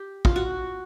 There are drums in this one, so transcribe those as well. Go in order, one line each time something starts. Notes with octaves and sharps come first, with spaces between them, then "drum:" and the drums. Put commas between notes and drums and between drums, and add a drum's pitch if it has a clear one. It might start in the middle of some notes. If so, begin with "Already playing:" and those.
Already playing: G4
F4, drum: kick
F#4